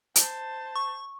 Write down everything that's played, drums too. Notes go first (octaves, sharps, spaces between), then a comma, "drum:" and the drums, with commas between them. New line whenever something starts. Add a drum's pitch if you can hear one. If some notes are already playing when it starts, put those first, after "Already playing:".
C5 A5, drum: hi-hat
C#6